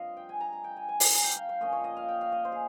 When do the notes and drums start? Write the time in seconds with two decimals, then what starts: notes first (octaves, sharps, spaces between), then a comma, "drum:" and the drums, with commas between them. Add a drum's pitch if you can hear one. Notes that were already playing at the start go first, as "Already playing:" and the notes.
Already playing: G2 F3 C4 F4 D#5 F5
0.17 G5
0.29 G#5
0.41 A#5
0.53 G#5
0.64 G5
0.77 G#5
0.89 G#5
1.00 A#5, drum: open hi-hat
1.12 G#5
1.24 G5
1.36 F5
1.49 F5
1.61 A#2 F3 A#3 C#4 D#5
1.72 C#5
1.84 D#5
1.97 F5
2.08 G5
2.21 F5
2.32 D#5
2.45 C5
2.52 G#4